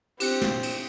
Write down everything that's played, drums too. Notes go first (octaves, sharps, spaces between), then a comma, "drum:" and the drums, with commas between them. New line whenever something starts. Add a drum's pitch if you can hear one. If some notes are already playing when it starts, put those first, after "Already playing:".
C4 G4 F#6 C#7, drum: cymbal
drum: snare
drum: cymbal